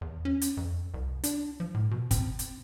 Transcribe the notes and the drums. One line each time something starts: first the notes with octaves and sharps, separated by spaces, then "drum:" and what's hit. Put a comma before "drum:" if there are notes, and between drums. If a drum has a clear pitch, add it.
E2
C#4
drum: hi-hat
F2
C2
D4, drum: hi-hat
F3
A2
B2
C4, drum: kick, hi-hat
drum: hi-hat